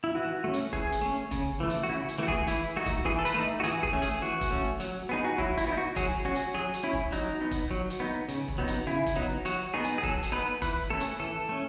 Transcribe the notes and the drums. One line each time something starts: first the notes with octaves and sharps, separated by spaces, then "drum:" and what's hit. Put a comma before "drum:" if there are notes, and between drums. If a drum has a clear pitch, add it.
E4
E3 F#4
A3 C#4
drum: hi-hat
E3 G#4, drum: kick E1
drum: hi-hat
A3 C#4
C#3, drum: kick E1, hi-hat
E3 A3
drum: hi-hat
F#4
C#3 E4
drum: hi-hat
E3 A3 F#4
G#4, drum: kick E1
E3 E4, drum: hi-hat
A3 D#4 F#4
drum: kick E1, hi-hat
E3 G#4
A4
B4, drum: hi-hat
A3 D#4
F#4
E3 G#4, drum: hi-hat
G#4, drum: kick E1
A3 C#4
G#4, drum: hi-hat
E3 F#4
drum: kick E1, hi-hat
A3 C#4
F#3, drum: hi-hat
B3 D#4 G#4
F#4
F#3 E4, drum: kick E1
E4, drum: hi-hat
B3
D#4
F#4
F#3 G#4, drum: kick E1, hi-hat
C#4 F#4
drum: hi-hat
F#3 G#4
drum: hi-hat
C#4 E4
drum: kick E1
F#3 D#4, drum: hi-hat
B3 D#4
drum: kick E1, hi-hat
F#3
drum: hi-hat
B3 D#4
C#3, drum: hi-hat
drum: kick E1
F#3 B3 D#4
drum: hi-hat
C#3 E4
drum: kick E1, hi-hat
F#3 B3 D#4
F#3 F#4, drum: hi-hat
B3 D#4 G#4
drum: hi-hat
G#4
F#3 A4, drum: kick E1
drum: hi-hat
B3 D#4 B4
E3 B4, drum: kick E1, hi-hat
A3 C#4 A4
drum: hi-hat
E3 A4
A3 C#4